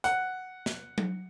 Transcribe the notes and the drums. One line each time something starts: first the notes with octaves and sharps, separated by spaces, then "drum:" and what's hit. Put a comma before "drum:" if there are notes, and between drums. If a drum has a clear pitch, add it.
F#5, drum: hi-hat
drum: snare
drum: tom F#3